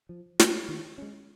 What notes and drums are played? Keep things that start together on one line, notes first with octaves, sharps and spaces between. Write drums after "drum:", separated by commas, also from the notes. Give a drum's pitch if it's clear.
F3
A#3 C#4, drum: snare
D#3
G#3 C#4